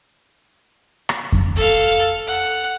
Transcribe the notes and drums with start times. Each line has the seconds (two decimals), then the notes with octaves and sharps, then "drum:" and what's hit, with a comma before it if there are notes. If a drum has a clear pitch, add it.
1.09 drum: rim click
1.32 drum: kick F2
1.56 A4 F5
2.27 F#5